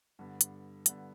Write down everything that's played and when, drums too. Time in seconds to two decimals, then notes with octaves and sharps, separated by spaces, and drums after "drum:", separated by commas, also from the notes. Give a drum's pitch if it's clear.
0.19 G2 D3 B3
0.41 drum: hi-hat
0.86 G2 D3 B3, drum: hi-hat